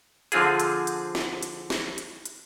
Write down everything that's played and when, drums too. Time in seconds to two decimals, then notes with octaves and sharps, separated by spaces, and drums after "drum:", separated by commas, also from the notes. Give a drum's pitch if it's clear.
0.32 D3 F3 C4 F4 G#4, drum: hi-hat
0.60 drum: hi-hat
0.87 drum: hi-hat
1.15 drum: snare
1.43 drum: hi-hat
1.70 drum: snare
1.98 drum: hi-hat
2.26 drum: hi-hat